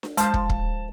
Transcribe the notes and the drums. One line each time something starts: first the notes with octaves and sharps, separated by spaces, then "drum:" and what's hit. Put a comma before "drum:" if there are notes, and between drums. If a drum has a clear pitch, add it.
drum: snare D4
F3 G#3 C5 A5, drum: hi-hat
drum: kick
drum: kick